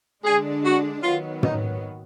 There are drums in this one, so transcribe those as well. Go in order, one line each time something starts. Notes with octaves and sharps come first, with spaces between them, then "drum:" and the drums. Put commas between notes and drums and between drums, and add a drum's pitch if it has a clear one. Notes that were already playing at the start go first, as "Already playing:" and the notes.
D3 G#3 D4 G#4
F#4
D#3 F#3 B3 F4
D#4, drum: tom